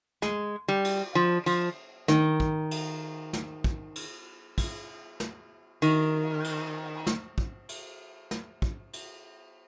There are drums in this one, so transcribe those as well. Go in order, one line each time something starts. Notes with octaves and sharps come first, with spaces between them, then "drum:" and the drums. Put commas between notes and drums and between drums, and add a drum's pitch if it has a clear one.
G#3, drum: snare
G3
drum: cymbal
F3
F3, drum: cymbal
D#3, drum: snare
drum: kick
drum: cymbal
drum: snare
drum: kick
drum: cymbal
drum: kick, cymbal
drum: snare
D#3, drum: cymbal
drum: cymbal
drum: snare
drum: kick
drum: cymbal
drum: snare
drum: kick
drum: cymbal